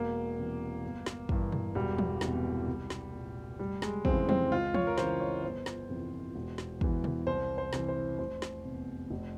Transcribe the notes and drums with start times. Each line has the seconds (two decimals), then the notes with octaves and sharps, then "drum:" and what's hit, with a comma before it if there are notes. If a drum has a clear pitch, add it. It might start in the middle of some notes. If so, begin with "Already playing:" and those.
Already playing: E1 A#3
0.37 E2 C3 E3
0.84 G1
1.06 drum: snare
1.29 G2 E3, drum: kick
1.52 drum: tom
1.75 E1 G3
1.98 drum: tom
2.21 E2 C3 E3, drum: snare
2.67 C2
2.90 drum: snare
3.13 A#2
3.59 F1 G3
3.82 G#3, drum: snare
4.05 F2 C#3 E3 C4, drum: kick
4.29 C4, drum: tom
4.51 C#2 F4
4.74 C#5, drum: tom
4.87 A#4
4.98 C#3 E3 C5, drum: snare
5.20 C#5
5.43 G1 C5
5.66 drum: snare
5.89 F2 C3 E3
6.36 E1
6.58 drum: snare
6.81 E2 E3, drum: kick
7.04 drum: tom
7.27 C2 C5
7.58 C5
7.73 C3 E3, drum: snare
7.88 C5
8.19 F1 C5
8.42 drum: snare
8.65 E2 C3
9.11 F1